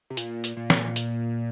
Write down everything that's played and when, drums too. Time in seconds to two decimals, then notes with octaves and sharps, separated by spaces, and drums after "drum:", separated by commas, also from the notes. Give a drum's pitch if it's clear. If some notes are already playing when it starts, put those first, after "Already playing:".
0.10 C3
0.17 A#2, drum: hi-hat
0.44 drum: hi-hat
0.57 A#2
0.70 drum: snare
0.96 drum: hi-hat